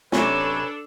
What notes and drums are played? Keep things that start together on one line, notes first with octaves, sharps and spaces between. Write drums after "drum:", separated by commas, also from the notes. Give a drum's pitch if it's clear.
F#2 C3 C#4 D4 A4 B4 C#5, drum: snare